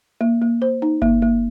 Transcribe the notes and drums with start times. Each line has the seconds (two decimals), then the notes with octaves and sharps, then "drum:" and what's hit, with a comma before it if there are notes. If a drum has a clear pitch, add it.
0.21 A#3
0.42 A#3
0.62 C5
0.82 D#4
1.02 A#3, drum: kick G1
1.22 A#3